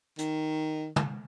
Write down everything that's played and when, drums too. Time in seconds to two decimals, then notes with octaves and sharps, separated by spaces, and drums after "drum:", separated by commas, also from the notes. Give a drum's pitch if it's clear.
0.18 D#3, drum: hi-hat
0.96 drum: tom